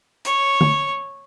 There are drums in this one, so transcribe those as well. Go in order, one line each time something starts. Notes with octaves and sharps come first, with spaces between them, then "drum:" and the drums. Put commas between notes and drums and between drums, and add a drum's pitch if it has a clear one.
C#5, drum: hi-hat
drum: tom D3